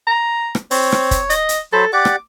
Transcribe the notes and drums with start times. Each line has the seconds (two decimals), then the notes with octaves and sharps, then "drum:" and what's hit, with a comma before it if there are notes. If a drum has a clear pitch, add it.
0.07 A#5
0.55 drum: rim click
0.71 C4 C#5, drum: open hi-hat
0.92 drum: rim click
1.11 drum: kick, hi-hat
1.30 D#5, drum: hi-hat
1.49 drum: hi-hat
1.73 F#3 A4 C5 B5
1.93 G4 D5 F#5 D6
2.05 drum: rim click